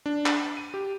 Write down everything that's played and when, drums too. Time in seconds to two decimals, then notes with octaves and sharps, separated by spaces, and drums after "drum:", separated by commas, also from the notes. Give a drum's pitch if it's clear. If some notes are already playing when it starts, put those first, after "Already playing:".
0.06 D4
0.26 drum: clap
0.36 B5
0.57 D#7
0.74 G4